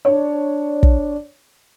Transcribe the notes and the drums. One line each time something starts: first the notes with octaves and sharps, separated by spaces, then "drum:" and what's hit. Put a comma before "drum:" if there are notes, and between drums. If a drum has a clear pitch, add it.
D4 C#5
drum: kick